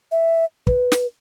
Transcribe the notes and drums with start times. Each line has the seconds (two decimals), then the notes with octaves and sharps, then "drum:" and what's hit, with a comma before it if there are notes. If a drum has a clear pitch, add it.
0.12 E5
0.67 B4, drum: kick
0.92 drum: snare